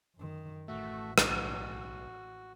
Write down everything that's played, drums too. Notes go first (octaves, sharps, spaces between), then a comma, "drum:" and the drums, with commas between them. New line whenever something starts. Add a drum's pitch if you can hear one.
F#2 D#3
A1 A3 F#4 E5
B1 F#4, drum: rim click